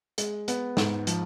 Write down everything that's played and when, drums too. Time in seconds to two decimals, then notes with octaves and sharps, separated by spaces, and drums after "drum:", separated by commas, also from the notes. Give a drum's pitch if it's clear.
0.18 G#3, drum: hi-hat
0.48 B3, drum: hi-hat
0.77 G#2, drum: snare
1.07 F3, drum: hi-hat